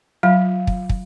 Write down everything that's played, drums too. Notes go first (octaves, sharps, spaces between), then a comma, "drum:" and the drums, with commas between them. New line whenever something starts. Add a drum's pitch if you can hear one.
F#3 F4 F5 B5
drum: kick
drum: kick